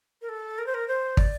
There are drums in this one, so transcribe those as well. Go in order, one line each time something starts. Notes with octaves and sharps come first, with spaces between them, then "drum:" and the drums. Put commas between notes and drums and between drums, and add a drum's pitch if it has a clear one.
A#4
A4
A#4
C5
A#4
C5
D5, drum: kick